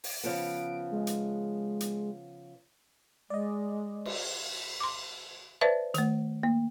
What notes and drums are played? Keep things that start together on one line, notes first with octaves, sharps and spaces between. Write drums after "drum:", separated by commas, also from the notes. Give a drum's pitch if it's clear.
drum: open hi-hat
C#3 F3 B3 D7
G#3
drum: hi-hat
drum: hi-hat
G#3 D5 D#5
drum: cymbal
C6 D6
B4 C5 D5 E5 A5
D#3 A3, drum: hi-hat
A#3